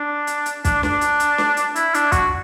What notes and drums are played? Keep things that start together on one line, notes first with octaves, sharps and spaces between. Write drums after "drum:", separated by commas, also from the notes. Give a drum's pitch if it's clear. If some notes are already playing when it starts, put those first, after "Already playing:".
Already playing: D4
drum: hi-hat
drum: hi-hat
D4, drum: kick, hi-hat
D4, drum: snare
drum: hi-hat
drum: hi-hat
drum: snare
drum: hi-hat
E4, drum: hi-hat
D4, drum: hi-hat
F#4, drum: kick, hi-hat